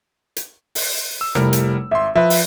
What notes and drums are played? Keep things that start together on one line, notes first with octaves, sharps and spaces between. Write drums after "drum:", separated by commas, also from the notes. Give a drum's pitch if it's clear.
drum: hi-hat
drum: open hi-hat
E6
F1 G3 E4 A#4, drum: rim click
drum: hi-hat
G#1 E5 C6
F3 B4 E5
drum: open hi-hat